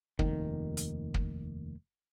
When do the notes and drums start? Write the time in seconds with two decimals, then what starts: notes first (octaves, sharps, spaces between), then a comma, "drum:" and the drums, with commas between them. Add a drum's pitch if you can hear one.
0.19 F1 D#2 D#3, drum: kick
0.77 drum: hi-hat
1.14 drum: kick